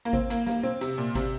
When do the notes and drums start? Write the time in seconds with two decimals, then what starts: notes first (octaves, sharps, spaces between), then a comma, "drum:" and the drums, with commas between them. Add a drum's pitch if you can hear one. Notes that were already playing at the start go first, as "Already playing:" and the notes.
0.05 A#3
0.13 C4, drum: kick G#1
0.30 A#3, drum: hi-hat
0.46 A#3, drum: snare
0.63 C4, drum: tom B2
0.81 C3, drum: hi-hat
0.98 A#2
1.15 C3, drum: kick G#1, hi-hat